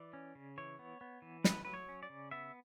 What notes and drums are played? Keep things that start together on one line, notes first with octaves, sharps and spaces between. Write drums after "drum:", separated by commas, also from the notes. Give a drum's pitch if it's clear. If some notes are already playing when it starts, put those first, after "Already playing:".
Already playing: E3 D5
C#4
C#3
E3 C#5
B3
B3
E3
A3 B4, drum: snare
F#3 B4
C#5
C#4
D5
C#3
B3 E5